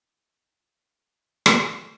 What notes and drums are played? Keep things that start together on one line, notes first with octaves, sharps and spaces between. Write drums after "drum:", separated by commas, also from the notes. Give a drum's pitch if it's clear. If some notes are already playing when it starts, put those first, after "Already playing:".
Already playing: D#4
F4
F4
drum: rim click